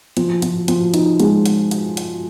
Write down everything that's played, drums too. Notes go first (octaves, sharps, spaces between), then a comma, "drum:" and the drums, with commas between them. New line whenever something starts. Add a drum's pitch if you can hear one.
F3, drum: hi-hat
F3, drum: hi-hat
F3, drum: hi-hat
D#4, drum: hi-hat
G#3, drum: hi-hat
drum: hi-hat
drum: hi-hat
drum: hi-hat